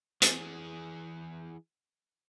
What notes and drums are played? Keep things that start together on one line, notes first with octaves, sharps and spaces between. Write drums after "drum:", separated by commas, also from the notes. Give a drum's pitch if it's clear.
E3 G#4, drum: hi-hat